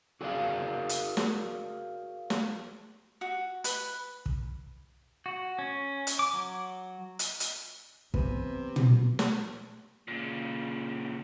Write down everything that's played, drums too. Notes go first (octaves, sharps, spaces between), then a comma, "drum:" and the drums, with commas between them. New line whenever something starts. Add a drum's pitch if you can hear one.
F#4 G#4 A#4 C#5 D5 F5
drum: hi-hat
drum: snare
drum: snare
F#4
B4, drum: hi-hat
drum: kick
F#4
C#4
drum: hi-hat
D6
F#3
drum: hi-hat
drum: hi-hat
C3 E3 F#3 B3 C4 B4, drum: kick
drum: tom
drum: snare
A#2 C#3